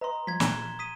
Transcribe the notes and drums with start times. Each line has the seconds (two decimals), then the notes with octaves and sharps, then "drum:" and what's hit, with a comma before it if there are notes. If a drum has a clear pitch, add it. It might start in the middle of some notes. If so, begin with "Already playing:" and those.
0.01 B4 D#5 A#5 C6
0.27 F3 G#6 B6
0.40 A#2 F#6 E7 G7, drum: snare
0.79 D#6 B6 D#7